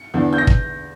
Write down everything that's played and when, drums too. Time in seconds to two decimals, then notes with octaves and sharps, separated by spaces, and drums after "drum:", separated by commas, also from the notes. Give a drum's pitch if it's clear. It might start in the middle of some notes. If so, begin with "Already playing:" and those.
Already playing: C#7
0.14 E2 D3
0.33 G6
0.38 A#6
0.47 drum: kick